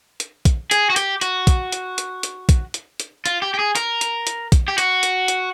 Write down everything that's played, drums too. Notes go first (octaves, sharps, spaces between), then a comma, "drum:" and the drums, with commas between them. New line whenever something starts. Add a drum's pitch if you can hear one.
drum: hi-hat
drum: kick, hi-hat
G#4, drum: hi-hat
F#4
G4, drum: hi-hat
F#4, drum: hi-hat
drum: kick, hi-hat
drum: hi-hat
drum: hi-hat
drum: hi-hat
drum: kick, hi-hat
drum: hi-hat
drum: hi-hat
F4, drum: hi-hat
G4
G4
G#4
A#4, drum: hi-hat
drum: hi-hat
drum: hi-hat
drum: kick, hi-hat
G4
F#4, drum: hi-hat
drum: hi-hat
drum: hi-hat